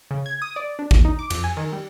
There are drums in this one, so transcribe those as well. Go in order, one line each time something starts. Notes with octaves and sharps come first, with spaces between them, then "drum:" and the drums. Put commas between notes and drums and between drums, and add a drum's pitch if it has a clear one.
C#3
G#6
D#6
D5
D4
D#2, drum: kick A1
D#4
D6
F2, drum: cymbal
G#5
D#3
G3